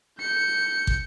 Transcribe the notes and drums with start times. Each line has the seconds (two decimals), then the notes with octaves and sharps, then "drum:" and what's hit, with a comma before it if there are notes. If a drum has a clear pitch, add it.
0.19 G6 C#7
0.87 drum: kick